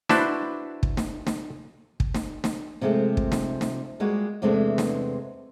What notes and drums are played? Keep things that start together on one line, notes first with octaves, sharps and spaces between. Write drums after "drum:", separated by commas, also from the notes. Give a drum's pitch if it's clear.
D4 E4 F#4 B4 C5 A5, drum: snare
drum: kick
drum: snare
drum: snare
drum: kick
drum: snare
drum: snare
C3 F3 G#3 A3 G4
drum: kick
drum: snare
drum: snare
G3 G#3 A#3 F4 F#4
E2 C3 G#3 A3 B3 D4
drum: snare